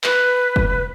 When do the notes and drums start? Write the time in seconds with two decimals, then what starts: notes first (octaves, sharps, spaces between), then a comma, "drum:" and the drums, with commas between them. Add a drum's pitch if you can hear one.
0.04 B4, drum: clap
0.56 drum: kick